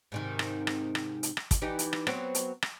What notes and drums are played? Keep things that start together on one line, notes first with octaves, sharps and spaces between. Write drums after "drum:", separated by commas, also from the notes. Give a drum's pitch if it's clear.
G#2 C3 D#3
drum: rim click
drum: rim click
drum: rim click
drum: hi-hat
drum: rim click
drum: kick, hi-hat
E3 D#4 G4
drum: hi-hat
drum: rim click
F#3 B3 C4, drum: rim click
drum: hi-hat
drum: rim click